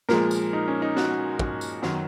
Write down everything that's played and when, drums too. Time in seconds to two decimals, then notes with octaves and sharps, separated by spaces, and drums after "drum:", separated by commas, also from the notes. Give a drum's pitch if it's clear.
0.09 A#2 F3 G#3 A#4, drum: snare
0.31 drum: tambourine
0.53 D#4
0.68 C#4
0.82 D#4
0.97 F#4, drum: snare
1.39 drum: kick
1.61 drum: tambourine
1.82 F#2 D#3 F#3, drum: snare